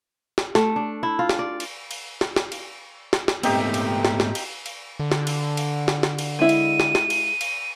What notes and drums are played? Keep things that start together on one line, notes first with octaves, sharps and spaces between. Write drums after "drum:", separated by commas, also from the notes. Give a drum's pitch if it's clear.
drum: snare
A3, drum: snare
D4
E4
F4
drum: snare
D5
drum: cymbal
drum: cymbal
drum: snare
drum: snare
drum: cymbal
drum: snare
drum: snare
G#2 A3 B3 C4 D#4 G4, drum: cymbal
drum: cymbal
drum: snare
drum: snare
drum: cymbal
drum: cymbal
D3
drum: snare
drum: cymbal
drum: cymbal
drum: snare
drum: snare
drum: cymbal
G#3 E4 D#7
drum: cymbal
drum: snare
drum: snare
drum: cymbal
drum: cymbal